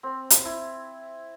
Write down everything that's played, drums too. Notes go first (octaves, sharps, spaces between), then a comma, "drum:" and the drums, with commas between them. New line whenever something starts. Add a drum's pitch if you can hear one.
C4
drum: hi-hat
E4